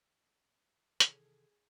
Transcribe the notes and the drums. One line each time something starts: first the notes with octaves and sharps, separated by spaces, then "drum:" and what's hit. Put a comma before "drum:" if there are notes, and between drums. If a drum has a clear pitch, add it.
C3 D#3 E3 G#4 A4, drum: hi-hat